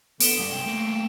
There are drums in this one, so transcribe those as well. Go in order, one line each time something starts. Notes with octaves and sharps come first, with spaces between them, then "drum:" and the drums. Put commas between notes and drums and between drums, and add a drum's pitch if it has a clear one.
D3 B3 D7 E7 G7, drum: open hi-hat
G2 G3
C2 G#3 C4
A3 A#3